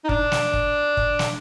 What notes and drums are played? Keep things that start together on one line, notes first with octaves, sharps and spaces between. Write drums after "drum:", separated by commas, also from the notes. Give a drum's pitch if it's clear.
D#4
D4, drum: kick
drum: snare
drum: kick
drum: kick
drum: snare